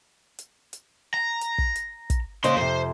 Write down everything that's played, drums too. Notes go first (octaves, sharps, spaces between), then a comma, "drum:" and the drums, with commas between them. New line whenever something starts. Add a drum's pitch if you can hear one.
drum: hi-hat
drum: hi-hat
A#5
drum: hi-hat
drum: kick
drum: hi-hat
drum: kick, hi-hat
C#3 A#3 C5 D#5 C6, drum: hi-hat
F2 C3 C5